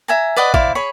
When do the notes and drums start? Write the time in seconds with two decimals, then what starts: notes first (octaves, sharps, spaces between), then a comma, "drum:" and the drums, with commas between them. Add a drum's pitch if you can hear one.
0.08 E5 G#5 A#5
0.36 B4 D5 D#5 F#5
0.54 E4 C5 D5 F5, drum: kick
0.75 G#4 C#5 B5